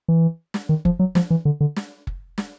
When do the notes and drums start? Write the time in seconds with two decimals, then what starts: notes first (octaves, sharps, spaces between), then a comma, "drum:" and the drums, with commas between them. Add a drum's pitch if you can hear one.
0.08 E3
0.54 drum: snare
0.69 D#3
0.85 F3, drum: kick F#1
0.99 F#3
1.15 F3, drum: snare
1.30 E3
1.45 D3
1.61 D3
1.76 drum: snare
2.07 drum: kick F#1
2.38 drum: snare